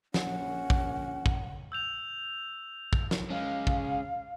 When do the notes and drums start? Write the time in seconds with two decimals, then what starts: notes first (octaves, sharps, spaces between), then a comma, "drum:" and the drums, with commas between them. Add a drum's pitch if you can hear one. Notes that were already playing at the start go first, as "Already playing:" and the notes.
0.14 A#1 C#4 F#5, drum: snare
0.70 drum: kick
1.26 drum: kick
1.72 E6 G6 F7
2.93 drum: kick
3.11 drum: snare
3.30 G#3 C#4 F5
3.67 drum: kick